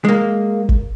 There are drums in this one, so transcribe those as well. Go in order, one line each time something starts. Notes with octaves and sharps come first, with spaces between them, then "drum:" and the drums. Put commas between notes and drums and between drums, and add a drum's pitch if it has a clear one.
G#3 A#3
drum: kick G1